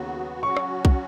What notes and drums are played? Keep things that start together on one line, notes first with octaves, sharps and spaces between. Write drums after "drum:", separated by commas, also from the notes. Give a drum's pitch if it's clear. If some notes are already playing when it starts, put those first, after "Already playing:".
Already playing: D#2 C#3 F#3 B3 F#4
C#3 F#3 C#4 F#4 C#6
drum: rim click
drum: kick